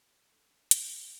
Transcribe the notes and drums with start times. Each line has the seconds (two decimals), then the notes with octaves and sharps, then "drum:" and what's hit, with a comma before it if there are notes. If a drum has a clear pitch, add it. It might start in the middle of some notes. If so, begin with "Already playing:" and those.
Already playing: C4
0.10 A3 A4
0.30 D3 A4
0.50 D3 A4
0.71 E3 F4, drum: hi-hat
0.90 B3
1.04 G4